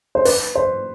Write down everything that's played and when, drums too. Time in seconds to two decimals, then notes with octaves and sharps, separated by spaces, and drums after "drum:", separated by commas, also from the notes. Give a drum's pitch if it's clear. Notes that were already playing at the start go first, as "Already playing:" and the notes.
0.15 C5
0.25 B4, drum: open hi-hat
0.55 C5